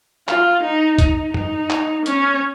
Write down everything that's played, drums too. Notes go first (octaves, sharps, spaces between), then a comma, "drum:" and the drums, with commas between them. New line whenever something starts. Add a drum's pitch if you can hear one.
F4, drum: clap
D#4
D#4, drum: kick A#1, hi-hat
D#4, drum: tom
drum: clap
C#4, drum: hi-hat